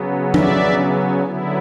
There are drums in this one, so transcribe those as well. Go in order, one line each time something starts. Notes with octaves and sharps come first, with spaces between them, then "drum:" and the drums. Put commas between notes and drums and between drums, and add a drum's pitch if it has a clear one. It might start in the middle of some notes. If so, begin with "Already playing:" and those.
Already playing: C#3 F#3 B3
D5 E5, drum: tom
D3 F#3 B3 E4